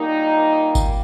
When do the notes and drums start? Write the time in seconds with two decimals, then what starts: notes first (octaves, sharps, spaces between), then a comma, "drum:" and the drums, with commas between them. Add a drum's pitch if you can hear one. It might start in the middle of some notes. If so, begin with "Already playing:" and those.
Already playing: A#2 G3 A#3 D#4
0.75 drum: kick G#1, tambourine